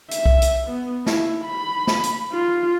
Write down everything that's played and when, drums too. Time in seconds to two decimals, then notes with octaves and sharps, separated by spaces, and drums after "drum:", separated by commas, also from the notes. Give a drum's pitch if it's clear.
0.11 E5, drum: hi-hat
0.26 drum: kick C2
0.42 drum: hi-hat
0.68 B3
1.06 E4, drum: snare
1.45 B5
1.87 drum: snare
2.04 drum: hi-hat
2.32 F4